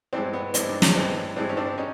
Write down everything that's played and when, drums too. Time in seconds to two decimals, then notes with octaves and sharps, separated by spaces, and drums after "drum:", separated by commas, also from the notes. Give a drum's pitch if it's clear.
0.13 G2 E3 G#3 C4
0.33 B3
0.54 G2 E3 G#3 C4, drum: hi-hat
0.69 D4
0.82 C#4, drum: snare
0.95 G2 E3 G#3 C4
1.36 G2 E3 G#3 C4
1.49 C#4
1.57 C4 D4
1.78 C#4 D#4